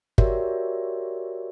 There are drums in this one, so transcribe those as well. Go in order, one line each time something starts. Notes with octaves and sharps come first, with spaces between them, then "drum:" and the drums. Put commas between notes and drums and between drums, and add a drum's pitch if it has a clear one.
F#4 G4 A#4 C#5 D5 E5, drum: kick